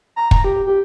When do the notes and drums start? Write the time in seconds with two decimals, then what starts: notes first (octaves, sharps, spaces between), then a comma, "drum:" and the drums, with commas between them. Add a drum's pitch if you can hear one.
0.16 A#5
0.31 A#5, drum: kick
0.44 G4
0.67 G4